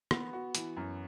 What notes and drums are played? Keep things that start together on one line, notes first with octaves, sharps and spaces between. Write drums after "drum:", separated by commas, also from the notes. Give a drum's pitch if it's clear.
B3, drum: rim click
F#4
E3, drum: hi-hat
F#2